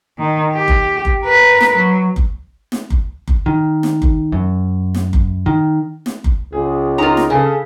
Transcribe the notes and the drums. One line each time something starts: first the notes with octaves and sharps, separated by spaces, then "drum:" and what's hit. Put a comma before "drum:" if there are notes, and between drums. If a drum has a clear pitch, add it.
D#3
G4
drum: kick F#1
drum: kick F#1
A#4 B4
drum: snare
F#3
drum: kick F#1
drum: snare
drum: kick F#1
drum: kick F#1
D#3
drum: snare
drum: kick F#1
F#2
drum: snare
drum: kick F#1
D#3
drum: snare
drum: kick F#1
C#2 G#4
D#4 F4 A#4 A#5
drum: snare
C#3 G#4 A4